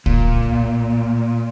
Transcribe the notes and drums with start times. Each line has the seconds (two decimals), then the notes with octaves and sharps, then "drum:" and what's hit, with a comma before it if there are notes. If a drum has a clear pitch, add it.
0.06 A#2, drum: kick C2